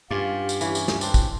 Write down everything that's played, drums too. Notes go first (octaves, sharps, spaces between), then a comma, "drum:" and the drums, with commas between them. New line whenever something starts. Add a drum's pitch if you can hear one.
G2 C#4 F4 G4 D5 F5
drum: tambourine
E3 C#4, drum: tambourine
drum: tambourine
drum: snare
C4 D4, drum: tambourine
drum: kick, tambourine